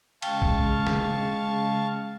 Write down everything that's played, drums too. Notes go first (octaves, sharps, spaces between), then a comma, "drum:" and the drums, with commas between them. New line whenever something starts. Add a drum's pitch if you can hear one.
C#3 G#3 F5 G5 A5 C#6, drum: cymbal
drum: kick A#1
drum: snare